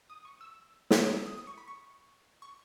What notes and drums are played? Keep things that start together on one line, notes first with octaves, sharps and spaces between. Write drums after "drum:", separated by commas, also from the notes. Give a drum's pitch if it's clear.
D#6
C#6
E6
drum: snare
D#6
E6
D#6
D#6
C#6
B5
C#6
C#6